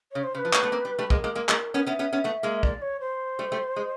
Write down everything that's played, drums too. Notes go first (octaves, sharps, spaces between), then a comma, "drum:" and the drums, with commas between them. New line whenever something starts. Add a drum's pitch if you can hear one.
C#3 C#5
C5
C#3 C5
B4
F3
G#3 A#3, drum: clap
A3 B3
A#3 C4
G3
G3 A3
G#3 A#3 B4, drum: kick
A#4
G#3 A#3
G#3 A#3
G#3 A#3, drum: clap
B3 C#4
B3 C#4 E5
B3 C#4
B3 C#4
A3 B3
G#3 A#3
D5, drum: kick
C#5
C5
G3 A3
G3 A3
G#3